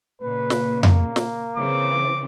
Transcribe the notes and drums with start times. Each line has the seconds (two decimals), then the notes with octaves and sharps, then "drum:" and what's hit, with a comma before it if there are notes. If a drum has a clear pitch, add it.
0.21 A#2 C#3 B4
0.50 drum: snare
0.83 A#3, drum: tom F2
1.16 drum: snare
1.57 C#3 E3 C4 D6